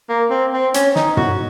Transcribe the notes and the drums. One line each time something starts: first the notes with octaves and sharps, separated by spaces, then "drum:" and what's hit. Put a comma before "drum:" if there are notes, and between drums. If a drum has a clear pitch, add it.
A#3
C4
C4
C#4, drum: hi-hat
D#4, drum: snare
F#4, drum: tom